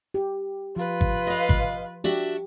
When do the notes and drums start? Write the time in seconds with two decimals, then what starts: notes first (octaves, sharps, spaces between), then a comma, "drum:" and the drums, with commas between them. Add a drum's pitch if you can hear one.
0.14 G4
0.76 F3 F4 B4
1.01 drum: kick
1.27 D#5 F5
1.49 drum: kick
2.04 D4 F#4 G4 E5